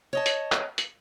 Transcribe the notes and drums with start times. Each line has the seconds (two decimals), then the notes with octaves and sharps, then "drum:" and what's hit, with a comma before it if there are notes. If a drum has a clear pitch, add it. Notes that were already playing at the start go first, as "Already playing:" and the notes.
0.13 C#5 D#5 A5
0.26 drum: hi-hat
0.52 drum: clap
0.78 drum: hi-hat